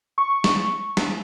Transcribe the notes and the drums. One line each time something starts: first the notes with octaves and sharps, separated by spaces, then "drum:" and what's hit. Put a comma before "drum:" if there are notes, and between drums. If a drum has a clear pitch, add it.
C#6
drum: snare G3
drum: snare G3